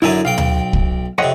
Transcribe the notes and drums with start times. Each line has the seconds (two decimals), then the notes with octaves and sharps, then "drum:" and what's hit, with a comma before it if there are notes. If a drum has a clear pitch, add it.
0.02 F#2 D3 D#4 E4 E5 G#5
0.25 B1 F5 G5
0.38 drum: tom D2
0.73 drum: kick
1.18 F2 C3 C#5 D#5 F#5